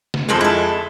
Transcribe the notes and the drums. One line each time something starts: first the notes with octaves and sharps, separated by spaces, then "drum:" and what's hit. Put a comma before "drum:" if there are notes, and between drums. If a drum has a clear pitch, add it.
drum: snare
F2 G#3 A#3 C4 A4
E4 A4